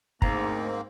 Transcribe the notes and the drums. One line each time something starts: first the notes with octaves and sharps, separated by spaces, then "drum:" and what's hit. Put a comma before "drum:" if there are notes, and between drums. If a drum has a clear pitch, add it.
D2 G#2 A#3 C4 A#5, drum: kick